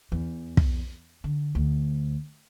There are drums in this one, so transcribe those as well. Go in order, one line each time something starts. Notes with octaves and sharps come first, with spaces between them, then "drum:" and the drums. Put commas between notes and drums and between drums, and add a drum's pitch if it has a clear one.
E2
drum: kick
D3
D2